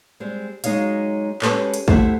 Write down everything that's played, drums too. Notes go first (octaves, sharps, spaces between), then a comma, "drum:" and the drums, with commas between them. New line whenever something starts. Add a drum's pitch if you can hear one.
G3 G#3 C4
F#3 G#3 D#4 C#5 F5, drum: hi-hat
G#3 C#4 G4 A4 B4 C#5, drum: clap
drum: hi-hat
A3 E4 G4 C5 F#5, drum: kick